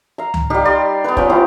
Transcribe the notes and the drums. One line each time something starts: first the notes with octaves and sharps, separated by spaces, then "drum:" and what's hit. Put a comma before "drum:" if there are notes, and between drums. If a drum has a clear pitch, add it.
F5 A#5
drum: tom C#2
G3 D#4 G4 F5
D5 B5 C6
B3 B4 F5 G5
F3 C#4 G5, drum: kick
F3 C#4 E4 F4 G4